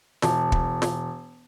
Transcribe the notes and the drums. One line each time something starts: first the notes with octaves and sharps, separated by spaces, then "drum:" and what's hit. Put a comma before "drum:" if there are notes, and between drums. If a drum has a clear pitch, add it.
E1, drum: snare
drum: kick
drum: snare